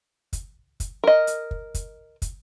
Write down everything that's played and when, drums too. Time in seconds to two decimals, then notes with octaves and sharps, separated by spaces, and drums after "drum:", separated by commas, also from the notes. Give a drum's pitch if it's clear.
0.33 drum: kick, hi-hat
0.80 drum: kick, hi-hat
1.04 A#4 D#5
1.27 drum: hi-hat
1.51 drum: kick
1.74 drum: kick, hi-hat
2.22 drum: kick, hi-hat